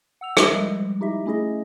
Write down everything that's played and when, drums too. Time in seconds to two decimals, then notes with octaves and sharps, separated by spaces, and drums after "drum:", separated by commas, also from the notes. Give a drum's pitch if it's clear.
0.21 F#5 E6 F7
0.37 A#4 C5 D#5 E5, drum: rim click
0.52 F3 G3 G#3
1.01 D#4 E4 G4 D#5 E5
1.26 A3 C#4 E4 G#4 D#5